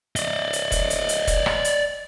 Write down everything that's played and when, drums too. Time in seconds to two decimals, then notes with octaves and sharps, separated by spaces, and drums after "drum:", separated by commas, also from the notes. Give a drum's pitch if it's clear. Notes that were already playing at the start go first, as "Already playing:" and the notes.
0.16 D5 D#5, drum: hi-hat
0.53 drum: hi-hat
0.72 drum: kick, hi-hat
0.90 drum: hi-hat
1.09 drum: hi-hat
1.27 drum: kick, hi-hat
1.46 drum: rim click
1.65 drum: hi-hat